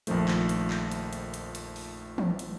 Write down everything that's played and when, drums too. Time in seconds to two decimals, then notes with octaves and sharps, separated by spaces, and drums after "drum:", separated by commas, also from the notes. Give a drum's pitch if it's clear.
0.07 A#1 F2 D#3 F3 A3, drum: hi-hat
0.28 drum: clap
0.49 drum: hi-hat
0.70 drum: clap
0.91 drum: hi-hat
1.13 drum: hi-hat
1.34 drum: hi-hat
1.55 drum: hi-hat
1.76 drum: open hi-hat
2.18 drum: tom E3
2.39 drum: hi-hat